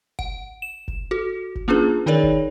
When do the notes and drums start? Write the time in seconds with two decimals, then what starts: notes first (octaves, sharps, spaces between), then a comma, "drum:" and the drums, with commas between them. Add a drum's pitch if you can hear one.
0.19 F#5, drum: kick F#1
0.62 E7
0.88 drum: kick F#1
1.11 F#4 A4
1.55 drum: kick F#1
1.68 A#3 C#4 D4 F4 G#4 B4
2.06 D#3 D#4 G#4 A#4 C#5 D5
2.23 drum: kick F#1